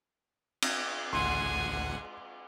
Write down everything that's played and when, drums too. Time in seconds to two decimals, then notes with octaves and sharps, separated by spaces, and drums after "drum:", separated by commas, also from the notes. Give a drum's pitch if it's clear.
0.62 drum: cymbal
1.13 A1 D2 G#3 F#5 G#5 C6